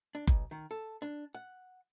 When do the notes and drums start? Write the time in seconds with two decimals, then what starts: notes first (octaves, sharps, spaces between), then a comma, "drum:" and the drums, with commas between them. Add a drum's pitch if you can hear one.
0.15 D4
0.27 B1, drum: kick F#1
0.51 D#3
0.71 A4
1.02 D4
1.35 F#5